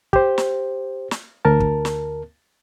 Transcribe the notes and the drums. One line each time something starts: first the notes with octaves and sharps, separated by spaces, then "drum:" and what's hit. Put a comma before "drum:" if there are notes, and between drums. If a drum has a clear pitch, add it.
G4 C5, drum: kick
drum: snare
drum: snare
D2 A#4 A5
drum: kick
drum: snare